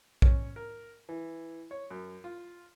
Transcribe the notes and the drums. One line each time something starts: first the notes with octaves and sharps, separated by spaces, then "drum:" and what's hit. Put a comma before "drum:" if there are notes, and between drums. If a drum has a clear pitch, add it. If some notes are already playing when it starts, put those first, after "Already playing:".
C#4, drum: kick A#1
A#4
E3
C#5
F#2
F4